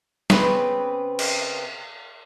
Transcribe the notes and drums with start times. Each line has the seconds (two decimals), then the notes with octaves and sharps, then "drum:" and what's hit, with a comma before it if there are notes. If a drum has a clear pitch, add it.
0.30 C#3 B3 C4 B4, drum: snare
1.19 drum: cymbal